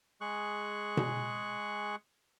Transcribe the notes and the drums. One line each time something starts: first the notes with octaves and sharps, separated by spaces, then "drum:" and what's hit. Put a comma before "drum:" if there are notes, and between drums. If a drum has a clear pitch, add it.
G#3 G#4 C#6 F#6
drum: tom B2